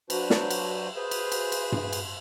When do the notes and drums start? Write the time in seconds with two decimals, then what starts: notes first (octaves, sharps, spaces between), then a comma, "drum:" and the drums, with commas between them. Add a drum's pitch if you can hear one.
0.10 F#3 D4 F#4 B4 C5, drum: cymbal
0.30 drum: snare
0.50 drum: cymbal
0.96 G#4 B4 C5
1.11 drum: cymbal
1.32 drum: cymbal
1.52 drum: cymbal
1.72 drum: tom G2
1.93 drum: cymbal